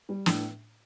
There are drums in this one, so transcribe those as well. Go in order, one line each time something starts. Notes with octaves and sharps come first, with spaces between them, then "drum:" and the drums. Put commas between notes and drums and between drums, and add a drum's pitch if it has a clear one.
G3
A2 D4, drum: snare